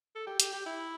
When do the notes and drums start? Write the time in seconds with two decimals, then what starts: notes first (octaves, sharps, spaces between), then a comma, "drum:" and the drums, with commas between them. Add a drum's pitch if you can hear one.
0.16 A4
0.27 G4
0.40 G4, drum: hi-hat
0.53 G4
0.66 E4